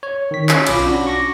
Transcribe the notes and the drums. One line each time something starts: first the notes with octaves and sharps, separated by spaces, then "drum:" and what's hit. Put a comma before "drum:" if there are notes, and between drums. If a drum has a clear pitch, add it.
C#5
D#3 B6
C#4, drum: clap
B1 F4 B5 D6, drum: cymbal
C#4 D4 F#4
C#6 D6 A#6